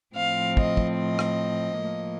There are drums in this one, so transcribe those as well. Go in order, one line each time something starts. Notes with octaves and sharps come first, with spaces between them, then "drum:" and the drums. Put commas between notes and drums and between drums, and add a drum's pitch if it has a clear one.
A2 F3 C4 F5
D#5, drum: kick
drum: kick
D#5
drum: rim click
A2 F3 A#3